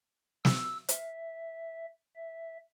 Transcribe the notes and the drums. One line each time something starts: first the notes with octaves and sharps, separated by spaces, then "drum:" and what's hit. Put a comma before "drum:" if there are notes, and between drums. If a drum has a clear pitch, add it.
E6, drum: snare
E5, drum: hi-hat
E5